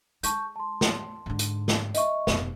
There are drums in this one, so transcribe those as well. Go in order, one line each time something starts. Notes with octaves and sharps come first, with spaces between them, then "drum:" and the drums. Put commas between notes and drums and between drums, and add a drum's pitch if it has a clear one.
G#3 A5 C#6 G6, drum: hi-hat
A5 C6
drum: snare
G#2 D3
drum: hi-hat
drum: snare
D#5 E5 C#6, drum: hi-hat
F1 B2, drum: snare